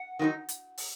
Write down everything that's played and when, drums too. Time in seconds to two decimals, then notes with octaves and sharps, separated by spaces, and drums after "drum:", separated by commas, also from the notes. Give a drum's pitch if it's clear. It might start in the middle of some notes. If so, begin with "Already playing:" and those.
Already playing: F#5
0.19 D#3 F#3 B3 D#4
0.49 drum: hi-hat
0.78 drum: open hi-hat